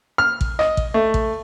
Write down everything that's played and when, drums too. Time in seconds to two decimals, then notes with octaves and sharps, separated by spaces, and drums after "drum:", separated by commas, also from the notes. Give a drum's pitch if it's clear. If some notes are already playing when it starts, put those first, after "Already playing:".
0.18 F6
0.41 drum: kick A1
0.59 D#5, drum: rim click
0.77 drum: kick A1
0.94 A3
1.14 drum: kick A1